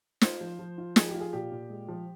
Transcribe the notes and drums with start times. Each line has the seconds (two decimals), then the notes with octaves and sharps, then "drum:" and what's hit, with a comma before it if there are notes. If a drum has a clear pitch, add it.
0.21 F4 C5, drum: snare
0.41 F3
0.59 F3
0.78 F4
0.96 F3 G#4, drum: snare
1.08 G4
1.14 F4
1.20 G#4
1.33 A#2 G4
1.52 A#2
1.70 G#3
1.88 F3